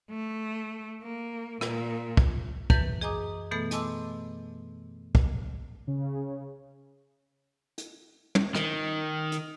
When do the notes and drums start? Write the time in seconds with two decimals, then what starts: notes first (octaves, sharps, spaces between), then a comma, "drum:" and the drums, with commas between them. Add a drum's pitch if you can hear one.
0.10 A3
1.02 A#3
1.61 A#2, drum: rim click
2.17 drum: kick
2.70 F#2 E3 B4 G6, drum: kick
3.01 G#4 D#5 G#5 A#5 D6 D#6
3.51 B2 E3 A3 B3 A4 B5
3.71 D#5 G#5 A5 C6 D6 E6, drum: hi-hat
5.15 drum: kick
5.87 C#3
7.78 drum: hi-hat
8.35 drum: tom
8.55 D#3, drum: rim click
9.32 drum: hi-hat